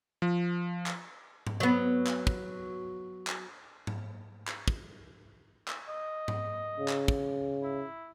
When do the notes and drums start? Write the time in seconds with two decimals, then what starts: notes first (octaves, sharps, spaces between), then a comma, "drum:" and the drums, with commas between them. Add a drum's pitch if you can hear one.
0.22 F3
0.86 drum: clap
1.47 drum: tom G#2
1.60 F#3 B3
2.07 drum: clap
2.27 drum: kick
3.27 drum: clap
3.87 drum: tom G#2
4.47 drum: clap
4.68 drum: kick
5.68 drum: clap
5.88 D#5
6.28 drum: tom G#2
6.79 C#3
6.88 drum: clap
7.08 drum: kick
7.63 E4